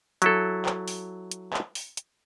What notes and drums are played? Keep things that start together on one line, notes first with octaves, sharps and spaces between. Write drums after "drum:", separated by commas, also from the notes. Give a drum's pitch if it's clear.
F#3 E4 A4, drum: hi-hat
drum: clap
drum: open hi-hat
drum: hi-hat
drum: clap
drum: open hi-hat
drum: hi-hat